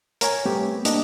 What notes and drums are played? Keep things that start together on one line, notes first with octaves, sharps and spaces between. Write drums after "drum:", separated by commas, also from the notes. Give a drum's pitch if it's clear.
A#4 C#5 G#5, drum: hi-hat
G3 A3 B3 C4 G4
A#3 D4 D#5, drum: hi-hat